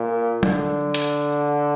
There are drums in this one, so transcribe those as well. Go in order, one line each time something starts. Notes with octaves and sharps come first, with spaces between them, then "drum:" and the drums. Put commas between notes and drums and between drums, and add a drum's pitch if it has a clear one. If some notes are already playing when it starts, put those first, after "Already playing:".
Already playing: A#2
D3, drum: tom F#3
drum: hi-hat